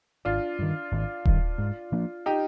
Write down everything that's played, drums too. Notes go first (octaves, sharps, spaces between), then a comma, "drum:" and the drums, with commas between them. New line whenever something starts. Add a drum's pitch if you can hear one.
G#1 D4 F4
G2 D#3
G#1
G2 D#3, drum: kick D#1
G#2
F3 A#3 D4
D#4 G4